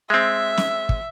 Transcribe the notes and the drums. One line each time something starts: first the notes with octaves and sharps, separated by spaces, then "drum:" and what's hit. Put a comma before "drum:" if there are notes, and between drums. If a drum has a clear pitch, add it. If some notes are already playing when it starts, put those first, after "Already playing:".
G#3 C4 E5
drum: snare
drum: kick